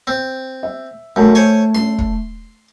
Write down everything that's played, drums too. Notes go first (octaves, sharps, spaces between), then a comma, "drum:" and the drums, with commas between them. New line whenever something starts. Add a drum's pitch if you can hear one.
C4
E5
F#2 A3
C5 C#5 G#5
C6, drum: snare C#4
drum: kick